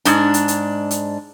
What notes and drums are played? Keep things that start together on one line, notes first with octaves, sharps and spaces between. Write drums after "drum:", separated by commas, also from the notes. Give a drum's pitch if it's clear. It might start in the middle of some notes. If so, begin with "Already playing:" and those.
G#2 D4, drum: hi-hat
drum: hi-hat
drum: hi-hat
drum: hi-hat